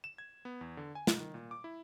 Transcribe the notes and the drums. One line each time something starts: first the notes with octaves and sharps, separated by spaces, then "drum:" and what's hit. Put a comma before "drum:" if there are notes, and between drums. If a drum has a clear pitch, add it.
E7
G#6
B3
E2
D3
G#5
G#2, drum: snare
D#3
A#2
D6
E4